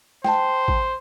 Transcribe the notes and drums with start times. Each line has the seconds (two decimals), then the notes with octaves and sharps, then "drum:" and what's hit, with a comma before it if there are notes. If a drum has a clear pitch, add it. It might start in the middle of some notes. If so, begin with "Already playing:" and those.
0.24 C5 G5 A5, drum: snare
0.68 drum: kick